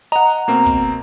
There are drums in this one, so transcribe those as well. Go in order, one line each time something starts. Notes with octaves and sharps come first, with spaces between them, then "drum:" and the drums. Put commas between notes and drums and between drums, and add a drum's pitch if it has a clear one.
D#5 F#5 A#5, drum: hi-hat
drum: hi-hat
B2 A#3 C4
drum: kick, hi-hat